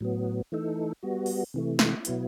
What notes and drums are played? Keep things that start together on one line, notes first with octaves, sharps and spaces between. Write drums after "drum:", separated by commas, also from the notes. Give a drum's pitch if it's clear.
A2 F#3 B3
E3 A3 D#4 A4
G3 B3 F#4
drum: open hi-hat
C3 E3 A3
drum: snare
B2 F#3 B3 E4, drum: hi-hat